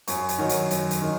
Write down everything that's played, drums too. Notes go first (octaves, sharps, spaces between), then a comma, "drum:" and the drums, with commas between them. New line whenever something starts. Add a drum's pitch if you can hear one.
F#2 C#6, drum: hi-hat
drum: hi-hat
D#3 F#3
drum: hi-hat
F#2, drum: hi-hat
drum: hi-hat
D#3